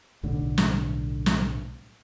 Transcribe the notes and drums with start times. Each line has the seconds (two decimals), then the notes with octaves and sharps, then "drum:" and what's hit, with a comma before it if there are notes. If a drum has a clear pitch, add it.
0.23 B1 A2 D3
0.58 drum: snare
1.26 drum: snare